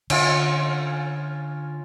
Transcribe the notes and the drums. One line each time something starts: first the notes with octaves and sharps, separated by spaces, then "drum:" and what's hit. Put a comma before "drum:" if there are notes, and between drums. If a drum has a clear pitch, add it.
D3 C#4 F4, drum: cymbal